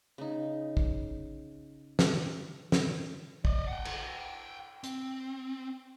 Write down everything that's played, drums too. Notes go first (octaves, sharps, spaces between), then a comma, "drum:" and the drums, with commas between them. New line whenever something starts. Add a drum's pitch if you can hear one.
C#3 D#4
drum: kick
drum: snare
drum: snare
D5 D#5, drum: kick
F#5 G5
drum: cymbal
C4, drum: hi-hat